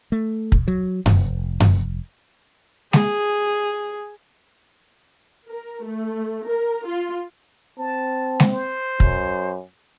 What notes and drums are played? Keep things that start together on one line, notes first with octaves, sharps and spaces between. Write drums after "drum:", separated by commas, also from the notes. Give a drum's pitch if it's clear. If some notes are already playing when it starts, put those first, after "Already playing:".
A3
drum: kick
F#3
F1, drum: tom F#2
drum: tom F#2
G#4, drum: snare G#3
A#4
A3
A#4
F4
C4 A5
drum: snare G#3
C5
F#2, drum: kick